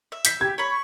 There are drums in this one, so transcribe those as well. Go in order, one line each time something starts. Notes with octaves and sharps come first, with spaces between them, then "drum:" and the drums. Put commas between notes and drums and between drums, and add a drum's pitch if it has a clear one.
E5
G6 B6, drum: hi-hat
G4 G#6
C#5 B5 C#6
C#6